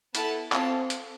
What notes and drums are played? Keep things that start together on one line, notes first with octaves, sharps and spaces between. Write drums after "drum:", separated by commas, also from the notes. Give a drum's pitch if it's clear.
B3 E4 A4 A5, drum: hi-hat
C4 F4 A4 A5, drum: clap
drum: hi-hat